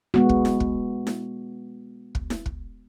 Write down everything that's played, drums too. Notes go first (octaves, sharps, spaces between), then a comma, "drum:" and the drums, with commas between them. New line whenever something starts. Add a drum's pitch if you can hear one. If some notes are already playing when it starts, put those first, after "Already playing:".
G#3 B3 F#4
drum: kick
drum: snare E4
drum: kick
drum: snare E4
drum: kick
drum: snare E4
drum: kick